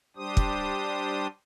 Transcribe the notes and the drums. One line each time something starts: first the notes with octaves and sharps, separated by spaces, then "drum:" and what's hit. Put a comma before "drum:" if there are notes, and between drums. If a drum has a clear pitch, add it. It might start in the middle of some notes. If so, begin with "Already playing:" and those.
G3 D4 G4 C5 D#6
drum: kick